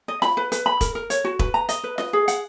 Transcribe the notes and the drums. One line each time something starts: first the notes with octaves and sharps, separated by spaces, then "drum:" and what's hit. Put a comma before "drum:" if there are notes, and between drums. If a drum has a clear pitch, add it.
D#5
B5, drum: snare F4
B4
B4, drum: hi-hat
B5
A#4, drum: kick E1, hi-hat
A#4
C#5, drum: hi-hat
F#4
B4, drum: kick E1
A#5
D#5, drum: hi-hat
B4
D#5, drum: snare F4
G#4
F#5, drum: hi-hat